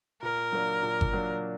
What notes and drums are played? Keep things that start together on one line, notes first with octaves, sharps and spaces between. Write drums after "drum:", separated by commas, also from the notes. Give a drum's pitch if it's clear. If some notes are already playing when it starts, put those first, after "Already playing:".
A#2 A#4
F#3 A#3 D4
A#2
drum: kick G1
F#3 A#3 D4